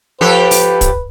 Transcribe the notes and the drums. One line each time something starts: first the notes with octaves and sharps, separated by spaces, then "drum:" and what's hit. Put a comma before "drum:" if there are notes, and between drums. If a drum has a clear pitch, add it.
F3 G4 A4 B4
drum: open hi-hat
drum: kick, hi-hat